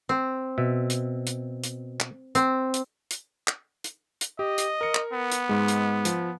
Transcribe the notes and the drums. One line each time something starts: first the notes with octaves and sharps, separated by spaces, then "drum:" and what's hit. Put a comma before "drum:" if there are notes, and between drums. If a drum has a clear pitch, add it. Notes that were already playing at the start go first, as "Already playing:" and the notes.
C4
B2 E5
drum: hi-hat
drum: hi-hat
drum: hi-hat
drum: clap
C4, drum: hi-hat
drum: hi-hat
drum: hi-hat
drum: clap
drum: hi-hat
drum: hi-hat
G4 D#5
drum: hi-hat
A#4 C#7
drum: clap
B3
drum: hi-hat
G#2 G#3
drum: hi-hat
F3, drum: hi-hat